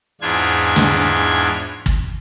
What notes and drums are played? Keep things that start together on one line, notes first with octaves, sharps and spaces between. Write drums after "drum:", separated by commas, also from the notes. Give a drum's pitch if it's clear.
E2 G#2 D4 F4 G#6
drum: snare
drum: kick